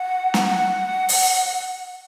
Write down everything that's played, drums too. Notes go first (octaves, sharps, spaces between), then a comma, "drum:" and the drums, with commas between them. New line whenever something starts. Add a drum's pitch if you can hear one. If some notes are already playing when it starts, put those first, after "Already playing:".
Already playing: F#5
drum: snare
F#5
drum: open hi-hat